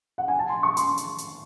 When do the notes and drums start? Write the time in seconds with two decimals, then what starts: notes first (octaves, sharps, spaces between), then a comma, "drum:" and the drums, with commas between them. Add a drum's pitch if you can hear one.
0.18 F#5
0.28 G#5
0.39 A5
0.49 C6
0.63 C#6
0.77 C6, drum: hi-hat
0.98 drum: hi-hat
1.18 drum: hi-hat